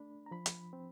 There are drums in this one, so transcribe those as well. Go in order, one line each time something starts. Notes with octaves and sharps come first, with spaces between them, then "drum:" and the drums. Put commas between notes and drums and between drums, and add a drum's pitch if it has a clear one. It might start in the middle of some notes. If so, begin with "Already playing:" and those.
Already playing: A3 D4 B5
A#5
F3 B5
drum: hi-hat
C4